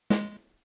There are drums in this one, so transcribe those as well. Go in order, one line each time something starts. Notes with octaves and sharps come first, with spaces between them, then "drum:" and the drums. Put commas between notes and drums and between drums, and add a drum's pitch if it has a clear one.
G#3, drum: snare